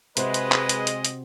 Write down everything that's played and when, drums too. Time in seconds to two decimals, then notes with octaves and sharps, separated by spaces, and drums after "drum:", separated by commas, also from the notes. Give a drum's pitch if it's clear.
0.17 C3 G#3 F#4 B4 C5 D#5, drum: hi-hat
0.34 drum: hi-hat
0.52 drum: clap
0.69 drum: hi-hat
0.87 drum: hi-hat
1.05 drum: hi-hat